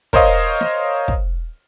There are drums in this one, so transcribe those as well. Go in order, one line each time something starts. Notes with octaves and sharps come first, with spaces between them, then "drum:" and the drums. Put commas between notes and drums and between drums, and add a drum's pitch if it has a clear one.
A#4 C5 C#5 D#5 F5, drum: kick
drum: snare
drum: kick